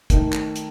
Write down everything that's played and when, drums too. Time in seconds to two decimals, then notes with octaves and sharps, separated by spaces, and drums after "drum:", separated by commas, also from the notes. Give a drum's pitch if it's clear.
0.10 D#3 A3 D#4, drum: kick, hi-hat
0.33 drum: clap
0.56 drum: hi-hat